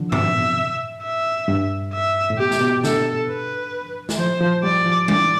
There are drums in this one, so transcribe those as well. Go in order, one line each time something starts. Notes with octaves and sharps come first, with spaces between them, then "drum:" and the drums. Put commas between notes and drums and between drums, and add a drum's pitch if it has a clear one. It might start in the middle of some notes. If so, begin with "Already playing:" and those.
Already playing: D3 F3
C3 E5, drum: tom G2
B2
E5
G2
E5
A2
B2 G4
drum: snare
B2
D3 A4, drum: snare
B4
drum: snare
F3 C5
F3
G3 D5
F3
E3 D5, drum: tom G3